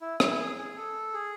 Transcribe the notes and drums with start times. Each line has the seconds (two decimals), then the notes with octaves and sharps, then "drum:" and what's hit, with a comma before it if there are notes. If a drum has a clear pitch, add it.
0.01 E4
0.20 E4, drum: rim click
0.39 G#4
0.57 G#4
0.76 A4
1.13 G#4